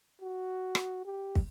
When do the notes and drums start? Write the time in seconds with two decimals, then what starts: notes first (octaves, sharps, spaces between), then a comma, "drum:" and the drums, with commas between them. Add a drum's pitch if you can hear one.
0.21 F#4
0.75 drum: rim click
1.05 G4
1.35 drum: kick